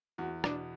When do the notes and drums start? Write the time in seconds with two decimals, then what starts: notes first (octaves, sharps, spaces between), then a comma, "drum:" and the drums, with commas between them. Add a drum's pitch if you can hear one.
0.18 E2 F#4
0.44 B2 D4, drum: rim click